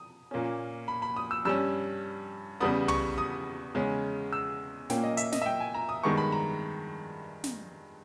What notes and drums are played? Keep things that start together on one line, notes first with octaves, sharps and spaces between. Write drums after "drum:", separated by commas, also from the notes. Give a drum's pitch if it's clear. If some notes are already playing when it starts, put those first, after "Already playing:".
Already playing: D#6
A#2 A#3 C#4
B5
B5
D#6
E6
G2 G3 C#4 E6
E2 C#3 G3 B3 D#6
C#6, drum: tom
D#6
E2 C#3 G#3 C#4
E6
A#2 A#3 C#4 G5, drum: snare
D#5
E5, drum: hi-hat
D#5, drum: snare
E5
G5
G#5
A#5
D#6
G2 D#3 G#3 B3 C#6
B5
A#5
drum: snare